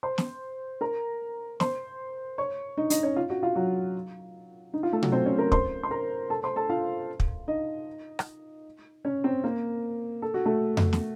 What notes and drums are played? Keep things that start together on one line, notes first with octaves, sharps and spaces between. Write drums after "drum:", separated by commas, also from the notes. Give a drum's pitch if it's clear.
C5 C6
drum: snare
A#4 A#5
C5 C6, drum: snare
C#5 C#6
D#4 D#5
D#4 D#5, drum: hi-hat
C#4 C#5
F4 F5
F#4 F#5
F4 F5
F#3 F#4
D#4
F4
A3 A4
F#3 F#4, drum: tom B2
C4 C5
C#4 C#5
A#4 A#5
C5 C6, drum: kick
C6
A#4 A#5
A4 A5
C5 C6
A4 A5
F4 F5
drum: kick
D#4 D#5
drum: rim click
C#4 C#5
C4 C5
A#3 A#4
A4
F#4
A3 A4
drum: tom F2
drum: snare